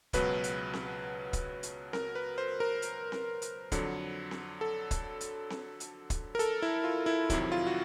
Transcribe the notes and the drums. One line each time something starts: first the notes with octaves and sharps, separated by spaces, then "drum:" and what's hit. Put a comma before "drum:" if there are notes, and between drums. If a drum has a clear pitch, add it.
C#2 B2 F#3 B4, drum: kick, hi-hat
drum: hi-hat
drum: snare C4
drum: kick, hi-hat
drum: hi-hat
A#4, drum: snare C4
B4
C5
A#4
drum: hi-hat
drum: snare C4
drum: hi-hat
F2 D3 F#3, drum: kick, hi-hat
drum: snare C4
A4
drum: kick, hi-hat
drum: hi-hat
drum: snare C4
drum: hi-hat
drum: kick, hi-hat
A#4
A4, drum: hi-hat
E4
F4
E4
F2 C3 D#3 F#3 E4, drum: kick, hi-hat
F4
F#4